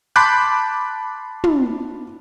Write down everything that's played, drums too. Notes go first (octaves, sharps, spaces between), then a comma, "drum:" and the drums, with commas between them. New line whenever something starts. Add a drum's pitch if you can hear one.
A5 B5 C6 D6 F#6 G6
drum: tom